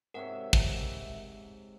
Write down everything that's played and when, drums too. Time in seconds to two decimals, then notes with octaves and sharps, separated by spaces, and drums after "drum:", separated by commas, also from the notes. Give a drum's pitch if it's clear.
0.14 G#2 C3 A#4 C#5 E5 F#5
0.53 drum: kick